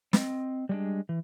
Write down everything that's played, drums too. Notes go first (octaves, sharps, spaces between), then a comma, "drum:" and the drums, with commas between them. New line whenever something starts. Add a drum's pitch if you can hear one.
C4 D#5, drum: snare
G3 G#3 D4
E3